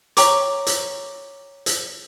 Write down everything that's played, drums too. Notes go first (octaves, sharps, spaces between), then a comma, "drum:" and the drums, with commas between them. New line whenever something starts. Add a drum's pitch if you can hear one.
C#5 G5 A#5 C#6 D6, drum: hi-hat
drum: hi-hat
drum: hi-hat